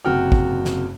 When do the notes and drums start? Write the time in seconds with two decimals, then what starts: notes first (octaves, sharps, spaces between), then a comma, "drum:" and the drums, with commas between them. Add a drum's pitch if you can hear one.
0.05 F#1 C3 F#4 G5 F6
0.32 drum: kick
0.65 drum: snare